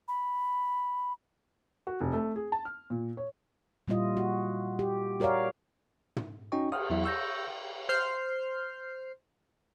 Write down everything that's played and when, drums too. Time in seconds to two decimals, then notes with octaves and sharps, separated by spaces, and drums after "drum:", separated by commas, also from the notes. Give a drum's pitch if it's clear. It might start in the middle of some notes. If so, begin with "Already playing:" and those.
0.08 B5
1.87 F#4
2.01 F1
2.13 A3
2.36 G#4
2.52 A5
2.65 F6
2.90 A#2
3.17 C#5
3.88 A#2 G3 E4 F4 D#5
4.17 F#4
4.79 G4
5.20 F#4 A#4 C#5 D5 F5
6.16 drum: tom
6.52 C#4 D#4 F#4 D#5 G5 C#6
6.72 D#6 F6, drum: cymbal
6.90 E2 F#3 E4 E5
7.04 C#6 E6 G6 A#6
7.89 C5 F6 G6 C7